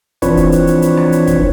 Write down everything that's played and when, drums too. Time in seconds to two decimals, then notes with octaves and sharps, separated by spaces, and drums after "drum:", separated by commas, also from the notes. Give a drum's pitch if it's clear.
0.22 E3 F3 C4 D4 B4 C#5, drum: kick, hi-hat
0.37 drum: hi-hat
0.52 drum: hi-hat
0.67 drum: hi-hat
0.82 drum: hi-hat
0.97 drum: rim click
1.12 drum: hi-hat
1.27 drum: kick, hi-hat